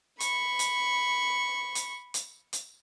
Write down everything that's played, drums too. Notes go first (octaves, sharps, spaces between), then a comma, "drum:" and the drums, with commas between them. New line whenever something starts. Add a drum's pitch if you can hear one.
B5 C#6, drum: hi-hat
drum: hi-hat
drum: hi-hat
drum: hi-hat
drum: hi-hat